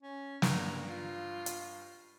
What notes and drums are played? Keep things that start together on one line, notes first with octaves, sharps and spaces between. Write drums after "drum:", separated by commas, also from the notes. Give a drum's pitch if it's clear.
C#4
G2 A#5, drum: snare
F4
drum: hi-hat